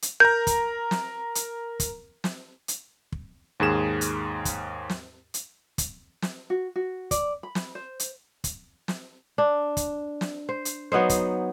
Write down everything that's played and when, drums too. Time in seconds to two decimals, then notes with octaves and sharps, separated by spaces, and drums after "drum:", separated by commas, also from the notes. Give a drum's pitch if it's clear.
0.02 drum: hi-hat
0.20 A#4 A#5 G6
0.47 drum: kick, hi-hat
0.91 drum: snare
1.35 drum: hi-hat
1.80 drum: kick, hi-hat
2.24 drum: snare
2.68 drum: hi-hat
3.12 drum: kick
3.60 D#2 G#2 G#4 E7
4.01 drum: hi-hat
4.45 drum: kick, hi-hat
4.90 drum: snare
5.34 drum: hi-hat
5.78 drum: kick, hi-hat
6.22 drum: snare
6.50 F#4
6.76 F#4
7.11 D5, drum: kick, hi-hat
7.43 B5
7.55 drum: snare
7.75 C5
8.00 drum: hi-hat
8.44 drum: kick, hi-hat
8.88 drum: snare
9.38 D4
9.77 drum: kick, hi-hat
10.21 drum: snare
10.49 C5
10.65 drum: hi-hat
10.92 F#3 B3 D#4 C5
11.09 drum: kick, hi-hat